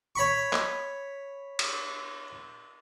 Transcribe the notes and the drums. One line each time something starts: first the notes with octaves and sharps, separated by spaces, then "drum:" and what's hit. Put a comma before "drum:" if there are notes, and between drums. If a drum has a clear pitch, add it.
C#5 B5 C#6
drum: clap
drum: cymbal